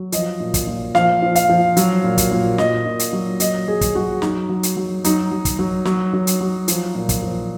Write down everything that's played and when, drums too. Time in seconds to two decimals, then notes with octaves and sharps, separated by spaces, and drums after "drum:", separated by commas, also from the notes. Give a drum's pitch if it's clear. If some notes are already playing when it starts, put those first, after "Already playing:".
Already playing: F#3
0.12 F3 D#5, drum: hi-hat
0.40 A#2
0.54 drum: kick, hi-hat
0.67 A#2
0.95 F3 F5, drum: snare
1.22 F3
1.35 F5, drum: hi-hat
1.49 F3
1.77 F#3, drum: hi-hat
2.04 A#2
2.18 drum: kick, hi-hat
2.31 A#2
2.58 A#2 D#5, drum: snare
2.86 A#2
2.99 drum: hi-hat
3.13 F#3
3.40 F#3 D#5, drum: hi-hat
3.68 F#3 G#4
3.81 drum: kick, hi-hat
3.95 F#3 F#4
4.22 F#3 D#4, drum: snare
4.49 F#3
4.63 drum: hi-hat
4.77 F#3
5.04 F#3 D#4, drum: hi-hat
5.32 F#3
5.45 drum: kick, hi-hat
5.59 F#3
5.85 F#3, drum: snare
6.13 F#3
6.27 drum: hi-hat
6.41 F#3
6.68 F3, drum: hi-hat
6.95 A#2
7.09 drum: kick, hi-hat
7.23 F3